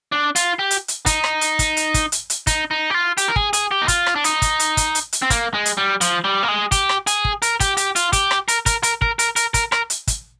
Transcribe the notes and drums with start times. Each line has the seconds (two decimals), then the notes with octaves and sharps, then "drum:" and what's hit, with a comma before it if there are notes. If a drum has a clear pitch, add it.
0.12 D4
0.36 F4, drum: hi-hat
0.59 G4
0.71 drum: hi-hat
0.88 drum: hi-hat
1.06 D#4, drum: kick, hi-hat
1.24 drum: rim click
1.41 drum: hi-hat
1.59 drum: kick, hi-hat
1.77 drum: hi-hat
1.94 drum: kick, hi-hat
2.12 drum: hi-hat
2.30 drum: hi-hat
2.47 D#4, drum: kick, hi-hat
2.71 D#4
2.90 G4
2.94 F4
3.17 G4, drum: hi-hat
3.28 A#4
3.36 G#4, drum: kick
3.53 G#4, drum: hi-hat
3.71 G4
3.82 D#4
3.88 F4, drum: kick, hi-hat
4.06 drum: rim click
4.16 D4
4.24 D#4, drum: hi-hat
4.42 drum: kick, hi-hat
4.59 drum: hi-hat
4.77 drum: kick, hi-hat
4.95 drum: hi-hat
5.13 drum: hi-hat
5.22 C4
5.30 A#3, drum: kick, hi-hat
5.54 G#3
5.66 drum: hi-hat
5.77 G3
6.01 F3, drum: hi-hat
6.24 G3
6.43 A#3
6.48 G#3
6.72 G4, drum: kick, hi-hat
6.89 drum: rim click
7.07 G#4, drum: hi-hat
7.25 drum: kick
7.42 A#4, drum: hi-hat
7.60 G4, drum: kick, hi-hat
7.77 G4, drum: hi-hat
7.96 F4, drum: hi-hat
8.13 G4, drum: kick, hi-hat
8.31 drum: rim click
8.48 A#4, drum: hi-hat
8.66 A#4, drum: kick, hi-hat
8.83 A#4, drum: hi-hat
9.02 A#4, drum: kick
9.19 A#4, drum: hi-hat
9.36 A#4, drum: hi-hat
9.54 A#4, drum: kick, hi-hat
9.72 A#4, drum: rim click
9.90 drum: hi-hat
10.07 drum: kick, hi-hat